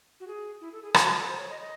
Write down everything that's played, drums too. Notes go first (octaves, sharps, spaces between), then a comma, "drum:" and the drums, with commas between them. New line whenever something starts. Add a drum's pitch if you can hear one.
F#4
G#4
E4
A4
G#4
F#4, drum: rim click
F#4
A4
C5
C#5
D#5
D#5